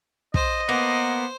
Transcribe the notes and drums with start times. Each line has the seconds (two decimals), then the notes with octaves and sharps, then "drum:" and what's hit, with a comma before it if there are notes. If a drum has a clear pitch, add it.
0.34 C5 D#5, drum: kick
0.69 A#3 B3 C5